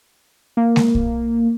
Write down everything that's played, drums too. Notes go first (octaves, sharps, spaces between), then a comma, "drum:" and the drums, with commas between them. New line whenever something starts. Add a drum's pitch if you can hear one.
A#3
drum: snare G#3
drum: kick B1